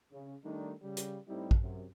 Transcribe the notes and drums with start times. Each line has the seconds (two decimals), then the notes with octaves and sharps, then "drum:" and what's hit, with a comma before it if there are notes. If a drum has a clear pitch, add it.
0.12 C#3
0.44 D#3 G3 A3 D4 D#4
0.82 C#3 G3
0.97 drum: hi-hat
1.28 A2 G3 C4 D#4 E4 G4
1.51 drum: kick
1.60 F#2 C3